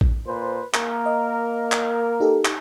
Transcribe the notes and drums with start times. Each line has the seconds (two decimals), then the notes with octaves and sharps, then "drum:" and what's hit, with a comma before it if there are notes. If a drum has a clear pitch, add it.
0.01 drum: kick A#1
0.27 A#2 B4 C5
0.74 A#3 A#4, drum: clap
1.06 D#5
1.72 drum: clap
2.20 D#4 G4 A4
2.45 drum: clap